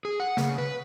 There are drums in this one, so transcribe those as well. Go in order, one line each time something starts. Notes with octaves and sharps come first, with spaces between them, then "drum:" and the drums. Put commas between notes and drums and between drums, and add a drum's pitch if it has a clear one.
G#4
F#5
C#3, drum: snare
B4